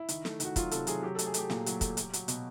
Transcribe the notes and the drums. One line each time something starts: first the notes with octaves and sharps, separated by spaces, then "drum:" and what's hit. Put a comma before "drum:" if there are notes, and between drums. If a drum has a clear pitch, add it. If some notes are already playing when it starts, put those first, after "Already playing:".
Already playing: E4
D#3, drum: hi-hat
A3, drum: snare
D#3 F#4, drum: hi-hat
F#3 F4, drum: kick, hi-hat
C3 A4, drum: hi-hat
F#3 G#4, drum: hi-hat
F#3 G4
A4
A3, drum: hi-hat
G#4
A3 G4, drum: hi-hat
A#2, drum: snare
F#3, drum: hi-hat
A3, drum: kick, hi-hat
F#3, drum: hi-hat
F#3, drum: hi-hat
B2, drum: hi-hat